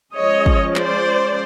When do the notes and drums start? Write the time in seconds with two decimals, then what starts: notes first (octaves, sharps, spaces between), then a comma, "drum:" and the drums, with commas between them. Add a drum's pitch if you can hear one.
0.15 F3 G#3 C#4 C#5 D#5
0.46 drum: kick
0.76 C5 D5, drum: clap